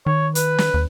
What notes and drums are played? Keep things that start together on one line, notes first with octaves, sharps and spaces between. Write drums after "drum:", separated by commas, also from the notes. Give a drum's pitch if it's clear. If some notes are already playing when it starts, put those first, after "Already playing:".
D#3 C#5
B4, drum: hi-hat
drum: snare
D#2